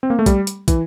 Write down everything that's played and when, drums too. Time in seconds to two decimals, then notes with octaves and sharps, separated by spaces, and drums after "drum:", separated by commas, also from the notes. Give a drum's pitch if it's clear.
0.03 C4
0.10 A#3
0.19 A3
0.26 G3, drum: kick, hi-hat
0.47 drum: hi-hat
0.68 E3, drum: kick, hi-hat